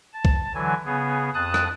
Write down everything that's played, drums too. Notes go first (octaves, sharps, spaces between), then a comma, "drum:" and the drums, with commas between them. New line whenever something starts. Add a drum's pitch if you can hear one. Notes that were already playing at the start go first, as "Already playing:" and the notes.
A5
drum: kick C2
D3 E3 F#3 G#5
C#3 B3 G#4
F2 A5 D#6 F#6
drum: rim click